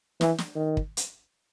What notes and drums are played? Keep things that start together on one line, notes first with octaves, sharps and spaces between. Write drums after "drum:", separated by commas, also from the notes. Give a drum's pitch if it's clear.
E3, drum: snare
drum: snare
D#3
drum: kick
drum: hi-hat